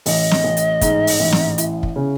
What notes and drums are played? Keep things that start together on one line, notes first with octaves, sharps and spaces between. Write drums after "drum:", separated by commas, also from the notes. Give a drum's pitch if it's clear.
A1 D#5, drum: open hi-hat
drum: snare
A1
drum: hi-hat
G#2, drum: kick, hi-hat
drum: open hi-hat
A1
drum: snare
E4, drum: hi-hat
drum: kick
C#3